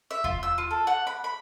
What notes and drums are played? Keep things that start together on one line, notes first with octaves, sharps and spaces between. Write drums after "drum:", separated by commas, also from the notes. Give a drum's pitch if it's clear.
E5
F4, drum: kick E2
E6
F4
A4
F#5
B5
B5